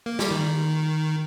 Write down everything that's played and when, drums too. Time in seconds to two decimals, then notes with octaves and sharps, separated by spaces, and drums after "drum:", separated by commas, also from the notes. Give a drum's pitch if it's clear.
0.06 A#3
0.19 G3, drum: snare
0.31 D#3